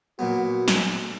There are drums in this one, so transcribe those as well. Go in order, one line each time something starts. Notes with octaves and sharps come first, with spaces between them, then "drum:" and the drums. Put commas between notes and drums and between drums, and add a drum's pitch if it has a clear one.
A#2 F#3 B3 F#4
drum: snare